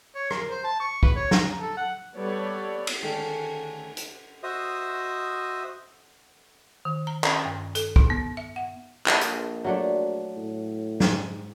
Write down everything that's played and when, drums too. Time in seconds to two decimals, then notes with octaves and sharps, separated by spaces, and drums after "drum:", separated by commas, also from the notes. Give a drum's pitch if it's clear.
0.15 C#5
0.31 A#4, drum: rim click
0.50 C5
0.64 A5
0.80 C#6
1.03 B4, drum: kick
1.16 C#5
1.31 A#5, drum: snare
1.59 A4
1.77 F#5
2.16 G3 B3 A4 C#5 D5
2.87 drum: cymbal
3.02 D2 D#3 A3 C#4 G#4 A4
3.97 drum: hi-hat
4.43 F#4 C5 D#5 E5 D#6
6.85 D#3
7.07 A#5
7.24 C#4, drum: clap
7.46 G2
7.75 A4, drum: hi-hat
7.96 D#4, drum: kick
8.10 B3
8.37 E5
8.56 F#5
9.06 A#1 A4, drum: clap
9.21 drum: hi-hat
9.64 F#3 A3 D4
10.37 A2
11.00 G#2, drum: snare